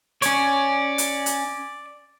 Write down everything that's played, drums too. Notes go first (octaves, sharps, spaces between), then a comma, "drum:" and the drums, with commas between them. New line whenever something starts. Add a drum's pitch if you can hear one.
C#4 C#5 D5, drum: hi-hat
drum: hi-hat
drum: hi-hat